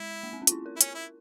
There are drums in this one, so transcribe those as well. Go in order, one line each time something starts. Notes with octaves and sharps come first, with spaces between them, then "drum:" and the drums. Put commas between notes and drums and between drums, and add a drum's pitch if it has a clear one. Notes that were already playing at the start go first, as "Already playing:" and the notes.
Already playing: G#3 E4
A#3
C4
C#4
F4, drum: hi-hat
E4
A#4
E4
C#4, drum: hi-hat
E4